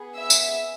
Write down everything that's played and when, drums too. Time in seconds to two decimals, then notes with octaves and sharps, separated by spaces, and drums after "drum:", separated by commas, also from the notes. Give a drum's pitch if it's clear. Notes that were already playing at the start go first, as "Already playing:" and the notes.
Already playing: B3 G#4
0.16 E5 E6
0.30 drum: tambourine